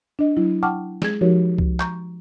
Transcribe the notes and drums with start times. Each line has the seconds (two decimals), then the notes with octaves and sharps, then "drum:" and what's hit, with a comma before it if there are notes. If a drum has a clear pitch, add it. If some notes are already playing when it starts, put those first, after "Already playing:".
0.19 D4 D#5
0.37 F#3 E4
0.63 F#5 G5 A5 C#6 D6 F6
1.02 G#3 G#4 G#6, drum: snare
1.21 F3 D#4 F#4 G4 A#4 C#5
1.58 drum: kick C2
1.80 A#5 C#6 G6, drum: clap